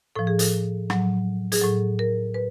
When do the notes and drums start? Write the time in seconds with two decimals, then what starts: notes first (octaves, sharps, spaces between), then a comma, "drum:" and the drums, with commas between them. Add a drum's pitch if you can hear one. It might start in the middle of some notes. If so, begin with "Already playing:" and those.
0.16 A2 F3 A4
0.27 G#4
0.39 A4, drum: hi-hat
0.90 A2 F#3, drum: rim click
1.52 G#4, drum: hi-hat
1.61 A2 F#3 A4
1.99 A#4
2.34 B4